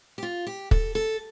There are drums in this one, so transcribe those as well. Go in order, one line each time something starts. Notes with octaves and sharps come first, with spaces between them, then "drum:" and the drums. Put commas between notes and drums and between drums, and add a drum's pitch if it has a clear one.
G4
F4
G4
A4, drum: kick
A4